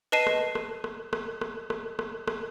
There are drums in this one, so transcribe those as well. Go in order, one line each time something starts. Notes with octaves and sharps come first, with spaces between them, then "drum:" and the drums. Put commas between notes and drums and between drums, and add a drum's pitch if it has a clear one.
B4 D#5 A5 C7 D#7
drum: rim click
drum: rim click
drum: rim click
drum: rim click
drum: rim click
drum: rim click
drum: rim click
drum: rim click